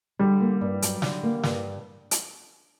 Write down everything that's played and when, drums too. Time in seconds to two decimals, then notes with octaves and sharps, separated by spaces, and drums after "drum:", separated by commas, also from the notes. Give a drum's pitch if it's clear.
0.19 D3 G3
0.40 A#3
0.61 G2
0.82 F#3, drum: hi-hat
1.02 D3, drum: snare
1.23 A#3
1.43 G2, drum: snare
2.11 drum: hi-hat